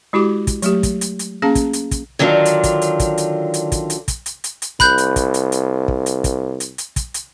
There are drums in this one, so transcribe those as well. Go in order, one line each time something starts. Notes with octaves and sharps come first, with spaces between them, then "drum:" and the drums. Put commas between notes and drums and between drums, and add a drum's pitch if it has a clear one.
G#3 E4 F#4 G4 D6
drum: kick, hi-hat
F#3 A3 G4, drum: hi-hat
drum: kick, hi-hat
drum: hi-hat
drum: hi-hat
A#3 C#4 G#4 F5 A5 A#5
drum: kick, hi-hat
drum: hi-hat
drum: kick, hi-hat
D3 D#3 F#3 D4 F4
drum: hi-hat
drum: kick, hi-hat
drum: hi-hat
drum: kick, hi-hat
drum: hi-hat
drum: hi-hat
drum: kick, hi-hat
drum: hi-hat
drum: kick, hi-hat
drum: hi-hat
drum: hi-hat
drum: hi-hat
C2 B5 F#6 G6, drum: kick, hi-hat
drum: hi-hat
drum: kick, hi-hat
drum: hi-hat
drum: hi-hat
drum: kick
drum: hi-hat
drum: kick, hi-hat
drum: hi-hat
drum: hi-hat
drum: kick, hi-hat
drum: hi-hat